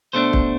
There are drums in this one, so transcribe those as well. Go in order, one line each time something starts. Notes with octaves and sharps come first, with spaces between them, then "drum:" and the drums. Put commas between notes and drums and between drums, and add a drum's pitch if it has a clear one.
B2 A3 D4 C5
drum: kick